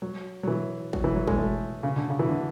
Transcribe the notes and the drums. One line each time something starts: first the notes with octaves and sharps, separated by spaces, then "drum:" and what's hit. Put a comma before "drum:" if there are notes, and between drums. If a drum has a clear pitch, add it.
F#3
F#3
E3
F#3, drum: kick
E3
F#3
G#3, drum: kick
A3
C#3
D3
C#3
E3
D3